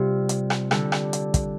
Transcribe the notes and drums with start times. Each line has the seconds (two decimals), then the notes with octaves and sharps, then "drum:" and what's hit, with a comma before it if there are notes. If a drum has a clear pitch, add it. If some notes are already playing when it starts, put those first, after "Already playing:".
Already playing: C3 G3 F4
0.29 drum: hi-hat
0.50 drum: rim click
0.71 D3 G3 D4, drum: rim click
0.92 drum: rim click
1.13 drum: hi-hat
1.34 drum: kick, hi-hat